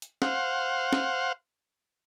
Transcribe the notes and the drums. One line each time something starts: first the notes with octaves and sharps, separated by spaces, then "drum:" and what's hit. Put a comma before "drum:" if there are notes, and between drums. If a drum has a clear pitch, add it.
drum: hi-hat
C5 F5 F#5, drum: snare
drum: snare